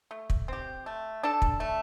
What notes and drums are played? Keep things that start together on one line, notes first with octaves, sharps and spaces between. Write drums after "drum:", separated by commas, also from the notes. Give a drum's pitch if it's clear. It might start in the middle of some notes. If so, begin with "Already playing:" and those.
A3
drum: kick
C4 G4
A3
D4 A4
drum: kick
A3